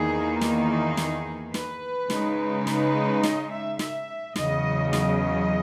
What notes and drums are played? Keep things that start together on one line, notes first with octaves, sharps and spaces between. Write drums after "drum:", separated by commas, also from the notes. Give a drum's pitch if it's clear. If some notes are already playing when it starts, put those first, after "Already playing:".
Already playing: E2 D#3 A#3 D#4 G#4
G#4, drum: snare
drum: snare
B4, drum: snare
C#3 G#3 D#4, drum: snare
B4, drum: snare
D#5, drum: snare
E5
E5, drum: snare
E2 C#3 F#3 D#5, drum: snare
D#5, drum: snare